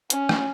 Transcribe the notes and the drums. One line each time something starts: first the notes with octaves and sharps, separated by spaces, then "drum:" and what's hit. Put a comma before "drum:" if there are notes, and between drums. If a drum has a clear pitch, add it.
C#4, drum: hi-hat
drum: rim click